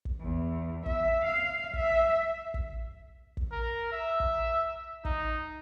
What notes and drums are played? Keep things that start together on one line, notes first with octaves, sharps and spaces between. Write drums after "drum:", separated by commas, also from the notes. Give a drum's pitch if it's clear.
drum: kick
E2
E5, drum: kick
F5
E5, drum: kick
drum: kick
drum: kick
A#4
E5
drum: kick
D#4, drum: kick